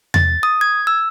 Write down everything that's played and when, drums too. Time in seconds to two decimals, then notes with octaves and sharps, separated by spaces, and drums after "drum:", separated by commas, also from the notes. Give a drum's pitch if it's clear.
0.14 A6, drum: tom E2
0.43 D#6
0.61 G#6
0.87 E6